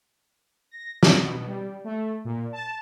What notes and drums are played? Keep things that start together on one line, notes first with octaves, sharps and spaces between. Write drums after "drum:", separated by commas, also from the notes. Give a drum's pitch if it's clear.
A#6
D6, drum: snare
B2
G3
A3
A#2
A5